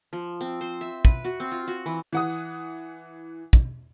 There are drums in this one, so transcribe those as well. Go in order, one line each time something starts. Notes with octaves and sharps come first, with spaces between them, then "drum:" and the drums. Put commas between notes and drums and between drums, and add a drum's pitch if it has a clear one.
F3
C4
C5
E5
B4, drum: kick
F#4
C4
F4
F#4
E3
E3 F#5 D#6
drum: kick